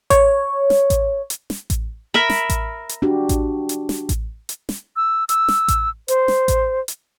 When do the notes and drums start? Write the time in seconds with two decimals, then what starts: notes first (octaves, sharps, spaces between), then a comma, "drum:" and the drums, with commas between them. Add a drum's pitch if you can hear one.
0.10 C#5, drum: kick A1, hi-hat
0.70 drum: snare
0.90 drum: kick A1, hi-hat
1.30 drum: hi-hat
1.50 drum: snare
1.70 drum: kick A1, hi-hat
2.14 A#4 E5 B5
2.30 drum: snare
2.50 drum: kick A1, hi-hat
2.89 drum: hi-hat
3.02 D4 F#4 G4
3.29 drum: kick A1, hi-hat
3.69 drum: hi-hat
3.89 drum: snare
4.09 drum: kick A1, hi-hat
4.49 drum: hi-hat
4.69 drum: snare
4.96 E6
5.29 E6, drum: hi-hat
5.48 drum: snare
5.68 drum: kick A1, hi-hat
6.08 C5, drum: hi-hat
6.28 drum: snare
6.48 drum: kick A1, hi-hat
6.88 drum: hi-hat